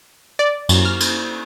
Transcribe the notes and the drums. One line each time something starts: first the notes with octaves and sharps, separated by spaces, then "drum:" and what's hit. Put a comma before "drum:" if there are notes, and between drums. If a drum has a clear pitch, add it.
D5
F#2, drum: cymbal
F6
drum: cymbal